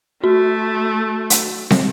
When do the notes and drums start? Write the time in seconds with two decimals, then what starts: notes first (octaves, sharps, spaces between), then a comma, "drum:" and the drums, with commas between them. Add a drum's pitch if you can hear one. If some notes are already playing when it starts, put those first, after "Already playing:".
0.24 A3 F#4
1.30 drum: hi-hat
1.70 drum: snare